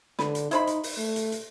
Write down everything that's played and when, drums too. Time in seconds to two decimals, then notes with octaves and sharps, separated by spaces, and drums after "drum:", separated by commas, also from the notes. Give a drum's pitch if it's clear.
0.19 D3 B4, drum: snare
0.35 drum: hi-hat
0.51 D#4 E4 C5 B5, drum: hi-hat
0.67 drum: hi-hat
0.83 drum: open hi-hat
0.97 A3
1.16 drum: hi-hat
1.32 drum: hi-hat